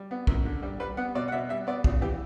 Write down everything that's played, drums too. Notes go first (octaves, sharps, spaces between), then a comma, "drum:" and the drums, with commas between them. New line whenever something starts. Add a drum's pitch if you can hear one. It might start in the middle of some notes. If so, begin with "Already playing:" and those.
Already playing: G3
B3
F#2, drum: kick
D3
G3
G3 B4
B3 F#5
B2 D5
F#5
B2 E5
G3 E5
B3 D5
C#3, drum: kick
E3 G4